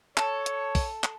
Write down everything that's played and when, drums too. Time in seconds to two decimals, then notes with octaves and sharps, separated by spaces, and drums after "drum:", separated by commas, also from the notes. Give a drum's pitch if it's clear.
0.17 A4 C#5, drum: clap
0.46 drum: hi-hat
0.75 drum: kick, open hi-hat
1.04 drum: clap